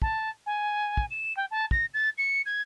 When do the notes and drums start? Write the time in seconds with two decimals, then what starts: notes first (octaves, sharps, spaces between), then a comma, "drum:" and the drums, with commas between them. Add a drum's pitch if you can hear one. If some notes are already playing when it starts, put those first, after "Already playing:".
0.02 A5, drum: kick
0.46 G#5
0.97 drum: kick
1.10 E7
1.36 G5
1.51 A5
1.71 A#6, drum: kick
1.93 A6
2.17 C#7
2.45 G#6